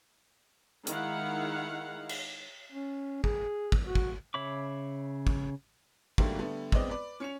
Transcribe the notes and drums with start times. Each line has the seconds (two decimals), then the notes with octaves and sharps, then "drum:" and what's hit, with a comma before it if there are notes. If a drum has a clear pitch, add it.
0.87 D#3 G#3 E4 F5 F#5, drum: hi-hat
2.09 drum: cymbal
2.72 C#4
3.24 G#4, drum: kick
3.72 drum: kick
3.86 F#4
3.95 drum: kick
4.34 C#3 C#5 E5 B5 D6
5.27 drum: kick
6.18 G#2 D3 F#3 G3 A3 A#3, drum: kick
6.39 D3 G3 A3 B3
6.72 G#3 B3 C4 D5 D#5, drum: kick
6.90 B4 D5
7.20 C#4 C#7 F7